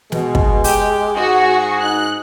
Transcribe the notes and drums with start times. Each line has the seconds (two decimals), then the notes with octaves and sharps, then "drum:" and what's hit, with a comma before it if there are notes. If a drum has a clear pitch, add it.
0.12 B2 G#3, drum: snare
0.35 drum: kick
0.64 G4, drum: open hi-hat
1.16 G#2 F#4 G#4 C#6
1.80 D#4 F#6